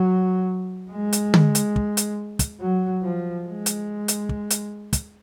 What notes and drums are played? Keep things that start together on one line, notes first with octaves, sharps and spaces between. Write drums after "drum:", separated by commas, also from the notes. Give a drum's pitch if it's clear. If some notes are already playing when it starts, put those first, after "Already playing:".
Already playing: F#3
G#3
drum: hi-hat
drum: tom D3
drum: hi-hat
drum: kick
drum: hi-hat
drum: kick, hi-hat
F#3
F3
G#3
drum: hi-hat
drum: hi-hat
drum: kick
drum: hi-hat
drum: kick, hi-hat